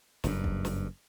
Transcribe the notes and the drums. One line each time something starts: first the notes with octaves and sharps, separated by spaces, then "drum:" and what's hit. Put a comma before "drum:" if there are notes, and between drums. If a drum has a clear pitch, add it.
F#1 G2, drum: snare
drum: kick
drum: snare